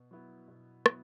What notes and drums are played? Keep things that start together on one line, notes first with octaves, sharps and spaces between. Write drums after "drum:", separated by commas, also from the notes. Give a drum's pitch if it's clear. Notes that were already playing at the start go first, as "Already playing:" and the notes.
Already playing: B2
F#3 B3 E4
B2
F#3 B3 E4, drum: rim click